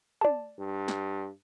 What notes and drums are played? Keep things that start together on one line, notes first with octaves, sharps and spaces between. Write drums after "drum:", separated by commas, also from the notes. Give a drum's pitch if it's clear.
D5 A5, drum: tom
G2
drum: snare